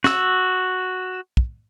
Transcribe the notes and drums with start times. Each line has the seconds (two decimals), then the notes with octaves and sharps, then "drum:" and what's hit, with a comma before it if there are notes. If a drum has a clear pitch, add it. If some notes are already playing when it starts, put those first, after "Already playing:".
0.04 F#4 E6, drum: snare
1.37 drum: kick